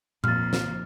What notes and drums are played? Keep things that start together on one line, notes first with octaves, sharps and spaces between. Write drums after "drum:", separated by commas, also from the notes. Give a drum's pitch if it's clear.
F2 A#3 F6 A6, drum: tom A#2
drum: snare